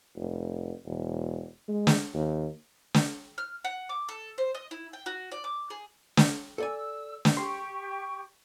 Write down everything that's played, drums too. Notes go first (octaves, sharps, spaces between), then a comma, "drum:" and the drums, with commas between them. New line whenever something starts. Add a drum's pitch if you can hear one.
F1
E1
G#3
drum: snare
D#2
drum: snare
F6
F#5
D6
A4
C5
D#5
E4
G5
F#4
D5
D6
G#4
drum: snare
A4 D5 G#5 E6
drum: snare
G4 G5 C6 C#6